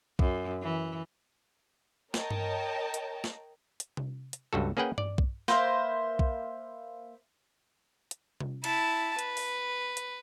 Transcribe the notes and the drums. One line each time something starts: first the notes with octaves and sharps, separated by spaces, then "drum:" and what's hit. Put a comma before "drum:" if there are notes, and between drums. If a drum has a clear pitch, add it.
F#2, drum: kick B1
E3
A#4 C#5 D#5 G5 A5 A#5, drum: snare
drum: tom G2
drum: hi-hat
drum: snare
drum: hi-hat
drum: tom C3
drum: hi-hat
C#2 G2 F#4 A4
A#3 C#4 G#4 B4 F#5 G5
D5, drum: tom G2
drum: kick B1
A#3 B4 C5 E5, drum: snare
drum: kick B1
drum: hi-hat
drum: tom C3
E4 A5, drum: cymbal
B4, drum: hi-hat
drum: open hi-hat
drum: hi-hat